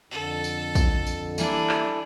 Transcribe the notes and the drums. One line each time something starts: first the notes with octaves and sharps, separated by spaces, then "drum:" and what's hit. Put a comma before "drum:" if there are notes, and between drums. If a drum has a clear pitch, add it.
F2 D3 A4
drum: tambourine
drum: kick, tambourine
drum: tambourine
E3 G3 A#3 D4 E4 A4 G#5, drum: tambourine
drum: clap